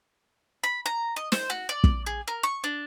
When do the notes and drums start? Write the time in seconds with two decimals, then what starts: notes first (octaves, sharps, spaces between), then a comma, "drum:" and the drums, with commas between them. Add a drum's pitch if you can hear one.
0.63 B5
0.86 A#5
1.16 D#5
1.32 C5, drum: snare
1.50 F#4
1.69 D5
1.84 drum: kick
2.06 G#4
2.28 A#4
2.43 C#6
2.64 D4